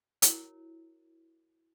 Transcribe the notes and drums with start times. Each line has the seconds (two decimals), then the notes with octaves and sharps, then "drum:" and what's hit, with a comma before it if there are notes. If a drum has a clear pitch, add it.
0.22 E4 F#4 A#4 C#5, drum: hi-hat